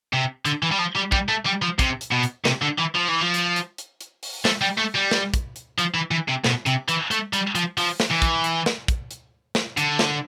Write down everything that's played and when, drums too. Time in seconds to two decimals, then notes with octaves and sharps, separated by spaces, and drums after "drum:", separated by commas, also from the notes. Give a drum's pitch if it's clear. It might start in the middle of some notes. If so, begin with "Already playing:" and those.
0.13 C3
0.45 D3, drum: hi-hat
0.63 E3
0.71 G3
0.79 F3
0.96 G3
1.12 G3, drum: kick
1.29 A3
1.46 G3
1.62 F3
1.79 C3, drum: kick, hi-hat
2.01 drum: hi-hat
2.12 B2
2.23 drum: hi-hat
2.45 C3, drum: snare
2.62 D3
2.79 E3
2.95 F3
3.09 E3
3.21 F3
3.34 drum: hi-hat
3.56 drum: hi-hat
3.78 drum: hi-hat
4.01 drum: hi-hat
4.23 drum: open hi-hat
4.45 A3, drum: snare
4.61 G3
4.78 A3
4.95 G3
5.11 drum: snare
5.34 drum: kick, hi-hat
5.56 drum: hi-hat
5.79 F3, drum: hi-hat
5.95 E3
6.11 E3
6.28 C3
6.44 B2, drum: snare
6.66 C3, drum: hi-hat
6.88 E3, drum: hi-hat
7.11 A3, drum: hi-hat
7.33 G3, drum: hi-hat
7.55 F3, drum: hi-hat
7.78 F3, drum: open hi-hat
8.00 drum: snare
8.10 E3
8.22 drum: kick, hi-hat
8.44 drum: hi-hat
8.66 drum: snare
8.88 drum: kick, hi-hat
9.11 drum: hi-hat
9.55 drum: snare
9.77 D3, drum: hi-hat
9.99 drum: snare